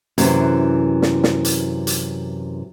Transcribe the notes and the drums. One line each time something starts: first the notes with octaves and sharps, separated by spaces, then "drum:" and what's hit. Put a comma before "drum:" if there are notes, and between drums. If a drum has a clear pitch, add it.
F#2 C3 E3, drum: hi-hat
drum: snare
drum: snare
drum: hi-hat
drum: hi-hat